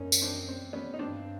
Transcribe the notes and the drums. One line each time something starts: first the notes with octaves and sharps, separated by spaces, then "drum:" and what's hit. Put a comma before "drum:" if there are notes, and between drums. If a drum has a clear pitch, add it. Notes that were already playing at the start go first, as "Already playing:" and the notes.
Already playing: F#2 C#4 D#4
drum: tambourine
C4 D4
C4
B3 C#4
D#4
G2 C4 D4